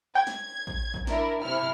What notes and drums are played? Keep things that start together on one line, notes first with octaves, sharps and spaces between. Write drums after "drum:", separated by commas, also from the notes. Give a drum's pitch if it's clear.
G5 G#6
drum: snare
drum: kick A1
drum: kick A1
D4 E4 A#4, drum: snare
C3 E4 F6